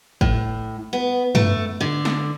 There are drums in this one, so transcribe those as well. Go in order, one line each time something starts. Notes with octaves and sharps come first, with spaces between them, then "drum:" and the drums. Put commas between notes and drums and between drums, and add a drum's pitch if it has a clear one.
A2, drum: kick
B3
A3, drum: tom
D3
drum: snare